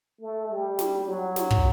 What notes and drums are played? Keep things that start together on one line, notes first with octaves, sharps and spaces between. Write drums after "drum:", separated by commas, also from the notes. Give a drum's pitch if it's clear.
A3
G3
drum: snare
F#3
drum: snare
drum: kick